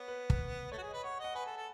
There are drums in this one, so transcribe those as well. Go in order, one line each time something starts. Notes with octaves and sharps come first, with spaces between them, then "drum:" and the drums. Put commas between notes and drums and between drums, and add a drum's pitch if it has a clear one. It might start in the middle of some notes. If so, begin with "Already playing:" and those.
Already playing: B3 C#5
B4
drum: kick
A3 C#5
F#4
G#4
D#5
B4
C#5 F#5
D#5 F#5
B4 G#5
A4
A4